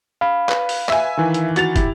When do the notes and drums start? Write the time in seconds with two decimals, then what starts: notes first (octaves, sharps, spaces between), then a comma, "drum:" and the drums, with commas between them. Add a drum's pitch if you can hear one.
0.21 F5 B5
0.49 B4, drum: clap
0.69 drum: open hi-hat
0.89 E5 G#5, drum: clap
1.17 D#3 E3
1.34 drum: hi-hat
1.56 F#4 A6 F7, drum: hi-hat
1.76 E4 G4, drum: kick, hi-hat